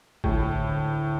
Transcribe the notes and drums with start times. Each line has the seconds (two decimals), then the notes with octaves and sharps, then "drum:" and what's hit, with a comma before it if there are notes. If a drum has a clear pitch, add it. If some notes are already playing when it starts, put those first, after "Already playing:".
0.24 D2 A2, drum: kick
0.69 D2